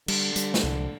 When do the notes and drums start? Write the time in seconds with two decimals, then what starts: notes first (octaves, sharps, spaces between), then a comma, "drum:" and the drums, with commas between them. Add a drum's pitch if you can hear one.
0.08 D3 G3, drum: cymbal
0.36 G3, drum: hi-hat
0.54 drum: snare
0.63 C2